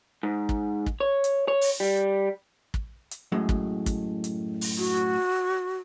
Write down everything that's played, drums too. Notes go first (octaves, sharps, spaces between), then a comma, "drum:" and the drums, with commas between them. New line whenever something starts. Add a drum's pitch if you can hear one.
G#2
drum: kick
drum: kick
C#5
drum: hi-hat
C#5
drum: open hi-hat
G3
drum: kick
drum: hi-hat
F#2 A2 G#3
drum: kick
drum: kick, hi-hat
drum: hi-hat
drum: open hi-hat
F#4